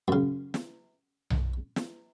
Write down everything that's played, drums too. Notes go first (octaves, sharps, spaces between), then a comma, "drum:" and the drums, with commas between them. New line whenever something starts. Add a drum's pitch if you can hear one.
F#2 C#3
drum: snare
drum: tom B1
drum: snare